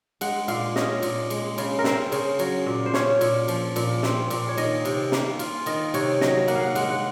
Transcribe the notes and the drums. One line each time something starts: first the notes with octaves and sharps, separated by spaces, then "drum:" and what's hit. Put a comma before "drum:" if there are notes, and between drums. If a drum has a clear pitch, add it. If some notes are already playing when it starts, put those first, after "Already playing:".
G#3 F#5, drum: cymbal
A#2 F5, drum: cymbal
C#4 D#5, drum: snare
A#2, drum: cymbal
G#3, drum: cymbal
C#3, drum: cymbal
A#4
C4 C5, drum: snare
C#3, drum: cymbal
F#3, drum: cymbal
A#2
C5
C#4 C#5, drum: snare
A#2, drum: cymbal
F3, drum: cymbal
A#2, drum: cymbal
C4, drum: snare
A#2, drum: cymbal
C#5
D#3 D#5, drum: cymbal
C3, drum: cymbal
A#3, drum: snare
F4, drum: cymbal
D#3 D#5, drum: cymbal
C3 C#5, drum: cymbal
F#3 D#5, drum: snare
A#3 F#5, drum: cymbal
F5
F#5
G#3 F#5, drum: cymbal
F#5